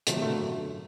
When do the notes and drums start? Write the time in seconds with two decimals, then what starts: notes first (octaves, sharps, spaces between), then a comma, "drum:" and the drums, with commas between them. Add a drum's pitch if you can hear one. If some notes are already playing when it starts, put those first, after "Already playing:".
0.07 G#2 C3 D#3 F3 F#3 A3, drum: hi-hat
0.21 B2 D3 A3 A#3
0.41 F#2